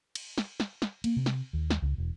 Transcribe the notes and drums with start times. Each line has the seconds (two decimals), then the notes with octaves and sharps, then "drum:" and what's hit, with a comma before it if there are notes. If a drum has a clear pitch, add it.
0.15 drum: cymbal
0.38 drum: snare
0.60 drum: snare
0.82 drum: snare
1.04 A#3, drum: cymbal
1.16 C3
1.26 drum: snare
1.53 D#2
1.70 drum: snare
1.82 C#2
1.98 E1